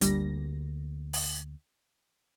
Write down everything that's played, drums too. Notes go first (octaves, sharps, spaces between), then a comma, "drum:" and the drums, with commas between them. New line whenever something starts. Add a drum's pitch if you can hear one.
G1 D2 G3 A#3 D4 A#6, drum: hi-hat
drum: open hi-hat